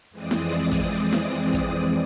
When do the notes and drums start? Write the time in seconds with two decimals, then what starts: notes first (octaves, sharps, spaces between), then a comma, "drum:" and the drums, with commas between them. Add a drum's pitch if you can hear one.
0.11 F2 E3 G#3 C4 D5 D#6
0.31 drum: snare E4
0.72 drum: kick, hi-hat
1.13 drum: snare E4
1.53 drum: kick, hi-hat